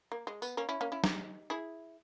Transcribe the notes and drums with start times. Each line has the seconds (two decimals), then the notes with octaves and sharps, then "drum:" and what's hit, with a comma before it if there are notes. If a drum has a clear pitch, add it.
0.12 A#3
0.27 G#3
0.42 B3, drum: tambourine
0.57 A#3 C#4
0.69 C#4 E4
0.81 A#3 C#4
0.92 C#4 E4
1.04 D#4 G4, drum: snare
1.50 E4 G#4